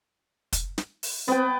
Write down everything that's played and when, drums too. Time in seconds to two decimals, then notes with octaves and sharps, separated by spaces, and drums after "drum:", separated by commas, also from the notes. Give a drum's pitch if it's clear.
0.53 drum: kick, hi-hat
0.78 drum: snare
1.03 drum: open hi-hat
1.28 B3 C4 G5